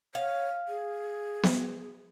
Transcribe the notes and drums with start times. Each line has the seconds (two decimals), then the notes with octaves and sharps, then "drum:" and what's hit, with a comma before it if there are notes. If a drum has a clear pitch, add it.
0.15 C#5 F5
0.68 G#4
1.44 drum: snare B3